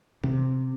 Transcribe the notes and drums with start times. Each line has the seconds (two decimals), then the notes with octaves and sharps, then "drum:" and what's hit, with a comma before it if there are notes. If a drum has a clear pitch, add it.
0.24 C3, drum: tom